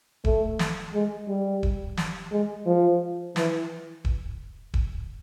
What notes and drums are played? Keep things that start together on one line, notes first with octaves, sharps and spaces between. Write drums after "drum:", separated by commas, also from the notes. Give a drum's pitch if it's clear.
A3, drum: kick D#1
drum: snare
G#3
G3
drum: kick D#1
drum: snare
G#3
F3
E3, drum: snare
drum: kick D#1
drum: kick D#1